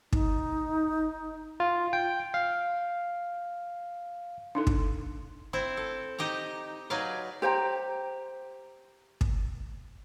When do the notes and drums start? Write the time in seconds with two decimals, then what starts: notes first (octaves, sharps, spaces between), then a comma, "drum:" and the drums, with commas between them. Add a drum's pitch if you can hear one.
0.12 D#4, drum: kick
1.60 F4
1.93 G5
2.34 F5
4.55 D4 D#4 A4
4.67 drum: kick
5.53 C4 E4
5.77 A4
6.19 D#4 G4 D#5 A#5
6.90 F#3 D#4 G#4 B4 D5 F5
7.42 G4 C5 G5 A#5
9.21 drum: kick